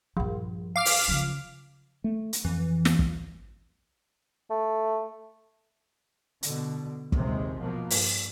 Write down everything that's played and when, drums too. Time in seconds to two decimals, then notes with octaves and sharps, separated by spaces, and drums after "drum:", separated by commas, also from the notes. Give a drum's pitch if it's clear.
0.17 A#1 G2 F3
0.76 F5 D6 F6
0.85 drum: open hi-hat
1.08 C#3 F3
2.04 A3
2.33 drum: hi-hat
2.45 F2 E3
2.85 drum: snare
2.99 drum: kick
4.50 A3
6.43 B2 D3, drum: hi-hat
7.12 A#1 D#2 C3 G#3, drum: kick
7.59 B2 F3 A#3
7.90 G2, drum: open hi-hat